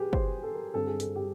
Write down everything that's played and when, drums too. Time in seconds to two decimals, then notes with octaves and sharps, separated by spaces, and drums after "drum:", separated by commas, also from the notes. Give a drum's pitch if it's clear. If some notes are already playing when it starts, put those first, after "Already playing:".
Already playing: G4 G#4 B4
0.13 C5, drum: kick
0.43 A4
0.54 A#4
0.74 G2 D3 G3 C4 A4
0.87 G#4
1.00 A4, drum: hi-hat
1.16 G4